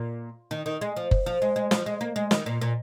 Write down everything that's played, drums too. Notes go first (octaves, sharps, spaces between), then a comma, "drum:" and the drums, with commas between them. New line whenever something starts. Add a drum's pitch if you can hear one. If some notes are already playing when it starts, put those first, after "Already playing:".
Already playing: A#2
D#3
D#3
G#3
F3
drum: kick F#1
F3
G#3
G#3
F3, drum: snare
G#3
A#3
G#3
D#3, drum: snare
A#2
A#2